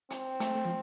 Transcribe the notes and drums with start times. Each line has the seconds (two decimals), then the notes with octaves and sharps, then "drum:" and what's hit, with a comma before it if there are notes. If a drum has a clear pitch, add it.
0.10 C4, drum: hi-hat
0.40 A3, drum: hi-hat
0.55 A3
0.65 F3